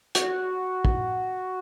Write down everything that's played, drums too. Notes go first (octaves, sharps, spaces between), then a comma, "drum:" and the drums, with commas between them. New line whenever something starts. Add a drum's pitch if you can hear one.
F#4, drum: hi-hat
drum: kick